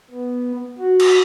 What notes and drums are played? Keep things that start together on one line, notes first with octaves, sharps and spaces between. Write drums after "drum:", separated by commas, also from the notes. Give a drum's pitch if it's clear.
B3
F#4
drum: cymbal